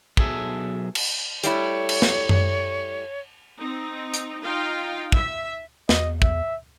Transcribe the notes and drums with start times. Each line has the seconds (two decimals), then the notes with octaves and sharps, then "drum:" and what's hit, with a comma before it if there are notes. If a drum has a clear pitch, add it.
0.17 B1 F#3 G#4 A4 E5, drum: kick
0.95 drum: cymbal
1.43 G3 A3 E4 C#5, drum: hi-hat
1.89 drum: cymbal
2.02 drum: snare
2.29 drum: tom F#2
3.57 C4 D#4
4.14 drum: hi-hat
4.42 D#4 F4 F5 G5
5.12 E5, drum: kick
5.89 E2 D#5, drum: snare
6.22 E5, drum: kick